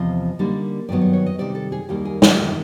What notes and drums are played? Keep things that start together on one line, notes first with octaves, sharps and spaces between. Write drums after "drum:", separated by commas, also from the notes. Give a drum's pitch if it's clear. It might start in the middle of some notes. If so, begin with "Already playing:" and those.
Already playing: E2 C3 F3 D#5
D3 G3 A#3 D#4
G2 D#3 F#3 B3 D5
C#5
C#5
D#5
C3 D#3 G3 D5
A4
G#4
D#2 D#3 G3 A#3 G4
G#4
A4, drum: snare
E2 C3 D#3 A#4